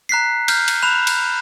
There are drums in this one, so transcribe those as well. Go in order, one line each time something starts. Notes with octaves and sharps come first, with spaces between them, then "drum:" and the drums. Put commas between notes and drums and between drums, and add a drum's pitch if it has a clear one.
A#5 F#6 B6 C7
F6 G6, drum: cymbal
drum: cymbal
B5 F#6 E7 F7
drum: cymbal